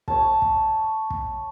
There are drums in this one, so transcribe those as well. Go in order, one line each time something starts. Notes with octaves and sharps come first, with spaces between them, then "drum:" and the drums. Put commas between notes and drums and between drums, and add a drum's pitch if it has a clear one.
C#5 A5, drum: kick
drum: kick
drum: kick